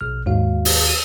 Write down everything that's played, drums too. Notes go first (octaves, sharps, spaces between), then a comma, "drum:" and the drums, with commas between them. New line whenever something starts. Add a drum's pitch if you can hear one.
A#1 B2 F6
D#2 G#2 F#4 F5
drum: open hi-hat
E6 D#7